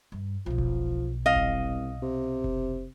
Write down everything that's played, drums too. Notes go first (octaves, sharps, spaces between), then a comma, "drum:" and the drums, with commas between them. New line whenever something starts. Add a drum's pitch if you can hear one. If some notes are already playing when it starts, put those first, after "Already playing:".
G2
B1 B2 F3
drum: kick F1
C2 D#5 F5
drum: kick F1
C3
drum: kick F1